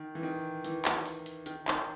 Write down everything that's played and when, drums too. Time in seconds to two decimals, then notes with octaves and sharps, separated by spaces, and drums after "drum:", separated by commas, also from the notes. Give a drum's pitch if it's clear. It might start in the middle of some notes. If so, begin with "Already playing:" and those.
Already playing: D#3
0.15 E3
0.23 D#3
0.65 E3, drum: hi-hat
0.85 drum: clap
1.06 drum: open hi-hat
1.26 drum: hi-hat
1.46 D#3, drum: hi-hat
1.68 D#3, drum: clap